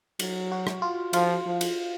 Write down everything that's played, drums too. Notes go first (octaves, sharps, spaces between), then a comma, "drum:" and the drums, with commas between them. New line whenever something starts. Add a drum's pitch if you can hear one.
F#3, drum: cymbal
F#4
drum: rim click
F4
F3 F4, drum: cymbal
F3
drum: cymbal